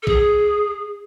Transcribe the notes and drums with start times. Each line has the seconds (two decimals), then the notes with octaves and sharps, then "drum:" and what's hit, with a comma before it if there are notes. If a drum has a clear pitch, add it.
0.02 A4
0.07 G#4, drum: kick A#1